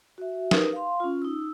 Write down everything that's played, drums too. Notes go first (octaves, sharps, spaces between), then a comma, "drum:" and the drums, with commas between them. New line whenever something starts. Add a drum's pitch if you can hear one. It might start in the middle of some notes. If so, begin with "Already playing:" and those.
F#4 E5
D#4 G4 A#4 B4, drum: snare
F5 C6
C#4 F4
D#4 E6